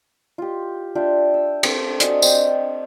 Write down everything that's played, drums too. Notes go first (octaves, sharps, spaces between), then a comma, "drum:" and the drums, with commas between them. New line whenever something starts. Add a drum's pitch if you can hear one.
F4 G4
D4 F4 E5 G5
E6
C4 A4, drum: cymbal
D4 F#4 D#5 G#5, drum: hi-hat
C4 G5, drum: tambourine